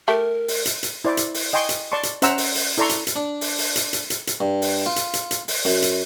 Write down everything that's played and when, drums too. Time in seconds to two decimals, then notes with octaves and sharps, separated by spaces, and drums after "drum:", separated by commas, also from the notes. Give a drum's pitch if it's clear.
0.08 A3 G4 A#4
0.48 drum: open hi-hat
0.65 drum: hi-hat
0.83 drum: hi-hat
1.04 E4 C5 D5
1.17 drum: hi-hat
1.34 drum: open hi-hat
1.53 D#5 G5 G#5 C6 C#6
1.69 drum: hi-hat
1.92 D5 A5 C6 C#6
2.03 drum: hi-hat
2.22 C#4 C5 E5 F#5 A#5 E6, drum: hi-hat
2.38 drum: open hi-hat
2.55 drum: open hi-hat
2.78 E4 A4 D5 A#5 C6 C#6
2.89 drum: hi-hat
3.07 drum: hi-hat
3.16 D4
3.41 drum: open hi-hat
3.58 drum: open hi-hat
3.76 drum: hi-hat
3.93 drum: hi-hat
4.10 drum: hi-hat
4.27 drum: hi-hat
4.41 G2
4.62 drum: open hi-hat
4.86 F4
4.96 drum: hi-hat
5.13 drum: hi-hat
5.31 drum: hi-hat
5.48 drum: open hi-hat
5.65 F#2, drum: open hi-hat
5.82 drum: hi-hat